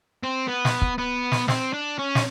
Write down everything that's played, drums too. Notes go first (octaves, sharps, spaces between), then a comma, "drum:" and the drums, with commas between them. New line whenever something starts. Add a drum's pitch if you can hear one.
C4
B3
drum: snare
drum: kick
B3
drum: snare
C4, drum: snare
D4
C#4
drum: snare